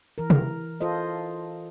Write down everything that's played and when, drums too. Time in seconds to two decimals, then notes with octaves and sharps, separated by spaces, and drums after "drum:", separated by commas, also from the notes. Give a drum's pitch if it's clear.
0.18 E3 A#4
0.30 drum: tom C3
0.80 F4 A4 C5 D#5